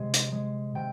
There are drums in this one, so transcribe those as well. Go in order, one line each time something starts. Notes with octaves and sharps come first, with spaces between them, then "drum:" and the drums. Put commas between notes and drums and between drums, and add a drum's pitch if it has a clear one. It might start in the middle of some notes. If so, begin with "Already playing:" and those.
Already playing: C3 G#3
drum: hi-hat
G#3
C3 G5